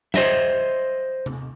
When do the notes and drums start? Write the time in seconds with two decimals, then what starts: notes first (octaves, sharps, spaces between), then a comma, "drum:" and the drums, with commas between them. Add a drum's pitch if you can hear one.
0.14 C5 D#5 E5, drum: snare
1.26 drum: tom C3